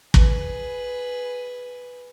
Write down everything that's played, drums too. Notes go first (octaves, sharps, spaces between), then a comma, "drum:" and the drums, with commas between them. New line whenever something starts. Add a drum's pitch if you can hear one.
G#4 B4, drum: kick